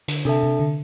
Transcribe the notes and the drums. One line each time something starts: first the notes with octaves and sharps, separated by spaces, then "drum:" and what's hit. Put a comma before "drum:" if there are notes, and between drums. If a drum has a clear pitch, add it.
D3, drum: hi-hat
C3 D4 A4 E5 A5
C3
D3